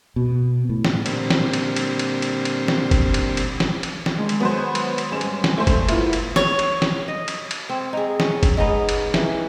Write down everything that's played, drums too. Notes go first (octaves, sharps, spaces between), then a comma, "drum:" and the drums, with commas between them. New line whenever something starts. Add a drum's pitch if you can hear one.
B2
A2
drum: snare
A#2 D3 G3 C4, drum: cymbal
drum: snare
drum: cymbal
drum: cymbal
drum: cymbal
drum: cymbal
drum: cymbal
drum: snare
drum: kick, cymbal
drum: cymbal
drum: cymbal
drum: snare
drum: cymbal
drum: snare
D#3 G#3 D4
drum: cymbal
F#3 B3 B4 C5
C#5
drum: cymbal
drum: cymbal
G#2 G3 C#4 C#5 E6 E7
drum: cymbal
drum: snare
A3 A4 C5
drum: kick, cymbal
A#3 B3 E4 F4, drum: cymbal
drum: cymbal
C#5, drum: snare
drum: cymbal
drum: snare
D#5
drum: cymbal
drum: cymbal
C4
D#4 G#4
C#4, drum: snare
drum: kick, cymbal
G#3 B3 D#4
drum: cymbal
E3, drum: snare